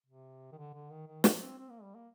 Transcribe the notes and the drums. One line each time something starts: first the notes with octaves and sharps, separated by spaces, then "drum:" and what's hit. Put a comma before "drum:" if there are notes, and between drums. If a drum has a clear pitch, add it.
C3
D#3
D3
D3
D#3
D#3
F3, drum: snare
C4
C4
A#3
G3
A#3